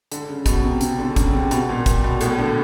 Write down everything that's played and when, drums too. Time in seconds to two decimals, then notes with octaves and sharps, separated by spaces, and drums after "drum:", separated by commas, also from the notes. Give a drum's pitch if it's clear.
0.12 D3, drum: hi-hat
0.29 C#3
0.46 B2, drum: kick, hi-hat
0.64 C3
0.81 C3, drum: hi-hat
0.98 D3
1.16 C#3, drum: kick, hi-hat
1.33 C3
1.51 B2, drum: hi-hat
1.69 A#2
1.86 drum: kick, hi-hat
2.04 B2
2.21 A2, drum: hi-hat
2.38 D3